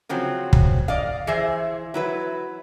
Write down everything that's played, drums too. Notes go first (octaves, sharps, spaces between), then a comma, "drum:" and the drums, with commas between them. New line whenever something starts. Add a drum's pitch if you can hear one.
C#3 F3 F#3 C4
drum: kick
D5 D#5 F5
E3 G#4 C5 E5
F#3 E4 B4